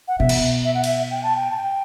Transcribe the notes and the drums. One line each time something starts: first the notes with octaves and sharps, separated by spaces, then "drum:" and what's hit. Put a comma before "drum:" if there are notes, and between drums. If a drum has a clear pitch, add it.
F#5
B2 E5
drum: cymbal
E5
F#5
E5, drum: cymbal
G5
A5
G5
A5
G5